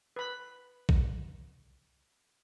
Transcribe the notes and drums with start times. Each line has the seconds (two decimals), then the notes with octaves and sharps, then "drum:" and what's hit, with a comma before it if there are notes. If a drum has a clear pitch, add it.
0.16 B4 B5
0.89 drum: kick A#1